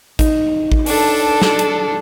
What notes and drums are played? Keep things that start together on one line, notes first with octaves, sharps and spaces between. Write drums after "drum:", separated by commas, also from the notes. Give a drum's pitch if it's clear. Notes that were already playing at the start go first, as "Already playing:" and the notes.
D#4, drum: kick A1, hi-hat
drum: kick A1
D4 A4, drum: open hi-hat
drum: snare
drum: hi-hat